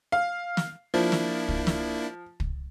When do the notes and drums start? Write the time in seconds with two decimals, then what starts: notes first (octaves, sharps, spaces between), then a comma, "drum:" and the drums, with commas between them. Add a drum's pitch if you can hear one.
0.12 F5
0.57 drum: snare
0.94 F3 A#3 D4 E4
1.12 drum: snare
1.48 drum: kick
1.67 drum: snare
2.40 drum: kick